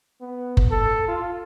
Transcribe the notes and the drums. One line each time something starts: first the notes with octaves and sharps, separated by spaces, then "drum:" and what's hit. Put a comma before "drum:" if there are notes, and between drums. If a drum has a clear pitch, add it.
B3
drum: kick F#1
A4
F4